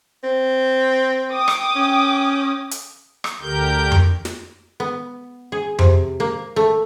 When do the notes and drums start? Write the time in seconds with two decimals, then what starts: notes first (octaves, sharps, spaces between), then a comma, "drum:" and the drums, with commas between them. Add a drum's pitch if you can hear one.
0.23 C4
1.32 G5 D6 D#6
1.48 drum: rim click
1.75 C#4
2.71 drum: hi-hat
3.24 drum: rim click
3.42 D2 D3 G4 A#4 G6
3.92 drum: tom F2
4.25 drum: snare
4.80 B3
5.52 G#4
5.79 C3, drum: tom F2
6.20 A#3
6.56 A3